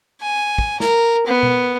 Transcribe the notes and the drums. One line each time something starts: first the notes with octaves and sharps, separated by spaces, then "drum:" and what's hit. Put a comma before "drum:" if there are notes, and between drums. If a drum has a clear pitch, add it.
G#5
drum: kick
A#4, drum: snare
B3
drum: tom B2